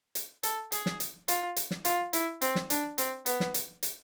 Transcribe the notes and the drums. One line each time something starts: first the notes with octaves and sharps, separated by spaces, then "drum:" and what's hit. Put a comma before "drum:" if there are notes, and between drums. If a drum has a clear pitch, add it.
drum: hi-hat
A4, drum: hi-hat
G#4, drum: hi-hat
drum: snare
drum: hi-hat
F4, drum: hi-hat
drum: hi-hat
drum: snare
F4, drum: hi-hat
E4, drum: hi-hat
C4, drum: hi-hat
drum: snare
D4, drum: hi-hat
C4, drum: hi-hat
B3, drum: hi-hat
drum: snare
drum: hi-hat
drum: hi-hat